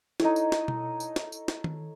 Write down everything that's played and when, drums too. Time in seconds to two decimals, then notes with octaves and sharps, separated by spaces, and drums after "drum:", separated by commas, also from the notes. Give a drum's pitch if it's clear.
0.20 D#4 E4 A4 C#5, drum: snare
0.36 drum: tambourine
0.52 drum: snare
0.68 drum: tom B2
1.00 drum: tambourine
1.16 drum: snare
1.32 drum: tambourine
1.48 drum: snare
1.64 drum: tom D#3